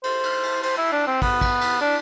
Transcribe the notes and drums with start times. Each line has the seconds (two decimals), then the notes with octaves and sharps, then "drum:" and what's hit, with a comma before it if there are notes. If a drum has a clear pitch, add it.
0.04 C5, drum: cymbal
0.23 drum: cymbal
0.43 drum: cymbal
0.63 C5, drum: cymbal
0.78 E4
0.92 D4
1.07 C4
1.22 B3, drum: kick, cymbal
1.41 drum: kick, cymbal
1.61 drum: cymbal
1.81 D4